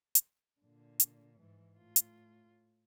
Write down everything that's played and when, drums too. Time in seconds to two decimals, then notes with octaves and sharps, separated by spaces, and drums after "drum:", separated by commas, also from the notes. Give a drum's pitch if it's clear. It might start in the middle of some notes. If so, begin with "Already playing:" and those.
0.15 drum: hi-hat
0.61 A#2 D3
1.00 drum: hi-hat
1.37 G#2 E3
1.76 A2 F4
1.96 drum: hi-hat